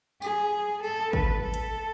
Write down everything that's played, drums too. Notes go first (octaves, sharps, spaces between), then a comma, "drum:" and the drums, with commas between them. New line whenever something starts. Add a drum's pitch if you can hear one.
G#4, drum: tambourine
A4
B4, drum: kick G#1
A4
drum: hi-hat